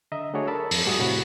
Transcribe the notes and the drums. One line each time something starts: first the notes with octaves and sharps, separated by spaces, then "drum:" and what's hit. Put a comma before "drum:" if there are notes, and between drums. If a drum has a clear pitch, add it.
D3 D#5 E5 A#5
A3 D4 F#4 G#4 C#5 D5
A4 A#4 A5 B5 D6 E6
F2, drum: open hi-hat
A2 G3 F#4 G#4 E5 D#6
A2 C3 F#4 B5